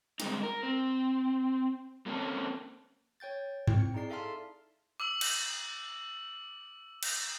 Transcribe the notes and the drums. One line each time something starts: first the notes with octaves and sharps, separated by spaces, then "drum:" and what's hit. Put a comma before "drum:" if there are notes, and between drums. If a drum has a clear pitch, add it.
D3 G3 G#3 C4 D#4, drum: hi-hat
A#4
C4
G3 A#3 C4 C#4 A4 A5
C#5 G5 G6 A6
C4 G5, drum: tom G2
C#7
D#4 E4 G#4 D5 C7
A4 E5 F5 A5 C6 F6
D6 E6 F#7
drum: cymbal
drum: cymbal